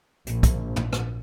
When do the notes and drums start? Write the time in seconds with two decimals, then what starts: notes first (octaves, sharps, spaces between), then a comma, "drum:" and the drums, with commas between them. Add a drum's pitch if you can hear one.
0.27 A#1, drum: hi-hat
0.43 drum: kick, hi-hat
0.76 drum: tom
0.93 drum: rim click